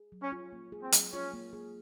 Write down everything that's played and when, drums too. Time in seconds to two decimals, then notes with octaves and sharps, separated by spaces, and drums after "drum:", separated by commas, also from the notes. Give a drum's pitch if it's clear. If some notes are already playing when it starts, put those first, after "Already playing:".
Already playing: G#4
0.12 F#3
0.22 C#4
0.32 F4
0.53 A#3
0.72 G#4
0.83 C4
0.92 F#3, drum: hi-hat
1.13 C#4 F4
1.33 A#3
1.53 G#4